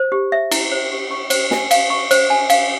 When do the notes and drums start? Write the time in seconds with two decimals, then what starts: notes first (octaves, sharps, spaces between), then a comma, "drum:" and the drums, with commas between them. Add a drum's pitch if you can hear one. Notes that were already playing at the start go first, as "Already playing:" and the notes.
Already playing: C5
0.12 G4
0.32 E5
0.51 E4, drum: cymbal
0.72 C5
0.92 G4
1.11 C#6
1.30 C5, drum: cymbal
1.51 G#5, drum: snare
1.71 F5, drum: cymbal
1.90 C#6
2.11 C5, drum: cymbal
2.30 G#5
2.50 F5, drum: cymbal